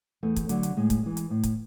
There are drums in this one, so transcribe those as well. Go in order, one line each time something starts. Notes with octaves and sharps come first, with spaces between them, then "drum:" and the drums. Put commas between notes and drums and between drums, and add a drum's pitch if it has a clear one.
E2 A3
drum: kick, hi-hat
D3 F#3, drum: hi-hat
drum: hi-hat
A2 G#3
drum: kick, hi-hat
E3 G#3
drum: hi-hat
A2
drum: kick, hi-hat